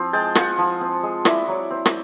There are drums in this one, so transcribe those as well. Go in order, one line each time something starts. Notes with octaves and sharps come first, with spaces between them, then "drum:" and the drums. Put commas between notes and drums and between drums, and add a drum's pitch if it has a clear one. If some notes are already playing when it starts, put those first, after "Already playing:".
Already playing: F3 C4 F4
G#3 G5 A5
F4 F#5 G#5, drum: rim click
F3
C4
G#3
E4 D5 E5, drum: rim click
F#3
C4
drum: rim click